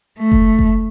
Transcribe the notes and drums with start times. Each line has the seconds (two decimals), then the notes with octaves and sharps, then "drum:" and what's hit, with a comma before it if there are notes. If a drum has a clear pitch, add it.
0.19 A3
0.32 drum: kick F#1
0.59 drum: kick F#1